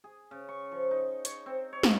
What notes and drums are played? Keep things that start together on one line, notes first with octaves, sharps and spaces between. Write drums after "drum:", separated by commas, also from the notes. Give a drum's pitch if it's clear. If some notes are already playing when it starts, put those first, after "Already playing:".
G#4
C#3
C#6
F3
D#4
C#5, drum: hi-hat
C4
C#5
drum: snare